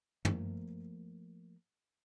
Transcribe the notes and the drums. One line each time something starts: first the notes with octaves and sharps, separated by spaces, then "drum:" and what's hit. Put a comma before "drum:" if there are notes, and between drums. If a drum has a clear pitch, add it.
F3 A3 A#3, drum: tom